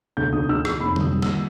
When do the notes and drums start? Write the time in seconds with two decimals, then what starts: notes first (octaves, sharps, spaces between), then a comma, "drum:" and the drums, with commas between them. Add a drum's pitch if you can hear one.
0.17 D2 G6
0.33 D2 D#6
0.49 D2 E6
0.65 D2 E6, drum: rim click
0.80 F1 B5
0.96 G3 D#6, drum: tom D3
1.11 G3
1.22 E6, drum: snare